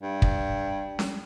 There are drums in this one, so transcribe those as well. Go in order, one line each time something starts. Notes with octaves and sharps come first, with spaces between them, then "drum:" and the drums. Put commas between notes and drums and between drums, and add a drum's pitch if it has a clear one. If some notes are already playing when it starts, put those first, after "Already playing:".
G2
drum: kick
drum: snare C#4